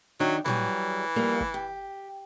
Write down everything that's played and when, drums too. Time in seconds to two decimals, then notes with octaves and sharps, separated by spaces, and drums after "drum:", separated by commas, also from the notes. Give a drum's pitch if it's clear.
0.20 D#3 F#3 D4 D#4
0.46 E3 F#3 G3 G#4, drum: tom
1.16 F3 G3 A#3
1.41 drum: kick
1.54 G4